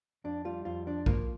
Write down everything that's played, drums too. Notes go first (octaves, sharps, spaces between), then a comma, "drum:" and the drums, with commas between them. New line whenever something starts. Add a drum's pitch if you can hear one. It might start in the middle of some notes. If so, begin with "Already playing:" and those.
F2 D4
G3 F4
F2 F4
F3 D4
F3 A#3, drum: kick B1